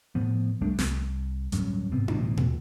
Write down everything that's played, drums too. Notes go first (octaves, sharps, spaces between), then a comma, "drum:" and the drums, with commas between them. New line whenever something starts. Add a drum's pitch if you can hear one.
A2 F3 B3
C2 G3 A3 D4
C2, drum: snare
D1 G2 F#3 C#4, drum: hi-hat
G#2 C3 B3 C4
D1 A1 D2 B2, drum: tom D4
drum: tom A#2